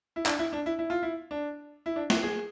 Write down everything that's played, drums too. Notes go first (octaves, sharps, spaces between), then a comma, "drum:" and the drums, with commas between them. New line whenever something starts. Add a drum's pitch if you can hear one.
E4
D4, drum: clap
E4
D4
E4
E4
F4
E4
D4
E4
D4
E4, drum: snare
G#4